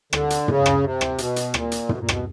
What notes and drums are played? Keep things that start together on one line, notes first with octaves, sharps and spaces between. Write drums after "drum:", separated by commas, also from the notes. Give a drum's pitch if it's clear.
D3, drum: rim click
drum: hi-hat
C#3, drum: tom
drum: rim click
C3
drum: rim click
B2, drum: hi-hat
drum: hi-hat
A#2, drum: rim click
drum: hi-hat
B2, drum: tom
A#2
B2, drum: rim click